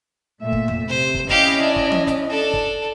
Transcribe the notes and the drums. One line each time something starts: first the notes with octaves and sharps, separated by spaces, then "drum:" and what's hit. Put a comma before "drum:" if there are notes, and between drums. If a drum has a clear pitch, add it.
A#2 A3 E5
drum: kick
drum: tom E2
C3 C5
drum: kick
C#4 E4 G4 D#5 F5, drum: kick
D4
drum: kick
drum: tom E3
drum: snare
D4 A4
drum: kick